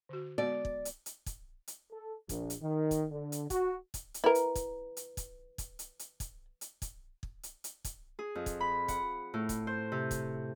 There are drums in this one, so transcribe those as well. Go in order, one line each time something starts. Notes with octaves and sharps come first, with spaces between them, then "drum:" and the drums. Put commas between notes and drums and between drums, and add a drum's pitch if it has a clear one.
D3 F#4
G#3 B3 F#4 D5
drum: kick
drum: hi-hat
drum: hi-hat
drum: kick, hi-hat
drum: hi-hat
A4
A#1, drum: kick, hi-hat
drum: hi-hat
D#3
drum: kick, hi-hat
D3
drum: hi-hat
F#4, drum: kick, hi-hat
drum: kick, hi-hat
drum: hi-hat
E4 A#4 B4 A#5
drum: hi-hat
drum: kick, hi-hat
drum: hi-hat
drum: kick, hi-hat
drum: kick, hi-hat
drum: hi-hat
drum: hi-hat
drum: kick, hi-hat
drum: hi-hat
drum: kick, hi-hat
drum: kick
drum: hi-hat
drum: hi-hat
drum: kick, hi-hat
G#4
F2
drum: kick, hi-hat
B5
F#5, drum: kick, hi-hat
A2
drum: kick, hi-hat
C5
C3
drum: kick, hi-hat